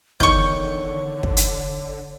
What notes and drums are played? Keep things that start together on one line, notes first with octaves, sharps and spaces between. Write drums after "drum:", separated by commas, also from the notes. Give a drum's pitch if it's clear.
E2 D3 D#3 C#5 C#6 G6, drum: kick
drum: kick
drum: hi-hat